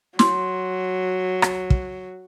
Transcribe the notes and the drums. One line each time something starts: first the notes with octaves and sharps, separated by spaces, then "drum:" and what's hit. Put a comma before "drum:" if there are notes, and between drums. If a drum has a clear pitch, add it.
F#3 C6, drum: snare
drum: rim click
drum: kick